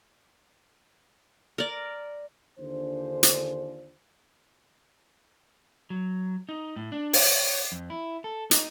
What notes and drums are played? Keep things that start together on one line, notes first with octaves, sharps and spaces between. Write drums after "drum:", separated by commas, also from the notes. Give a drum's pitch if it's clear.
A#4 D5
D#2 D3 D4 F4 G#4 C5
drum: hi-hat
F#3
D#4
A2
D4
C#5, drum: open hi-hat
F2
E4
A4
D#4, drum: hi-hat